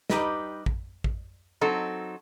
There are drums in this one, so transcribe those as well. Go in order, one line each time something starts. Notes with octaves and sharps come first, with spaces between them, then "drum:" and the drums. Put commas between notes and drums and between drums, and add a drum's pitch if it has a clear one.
G3 D#4 G4 B4 D#5, drum: snare
drum: kick A1
drum: kick A1
F#3 C4 D#4 A4